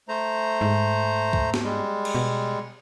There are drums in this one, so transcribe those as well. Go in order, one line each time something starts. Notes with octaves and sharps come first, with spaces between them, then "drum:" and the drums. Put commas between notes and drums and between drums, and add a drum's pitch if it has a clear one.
A3 C5 A#5
G#2
drum: kick
drum: snare B3
G3 G#3
drum: cymbal
B2